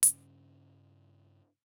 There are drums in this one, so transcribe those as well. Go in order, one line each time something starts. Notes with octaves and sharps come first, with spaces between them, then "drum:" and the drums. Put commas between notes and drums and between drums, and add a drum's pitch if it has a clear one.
G2 C#3 C#4, drum: hi-hat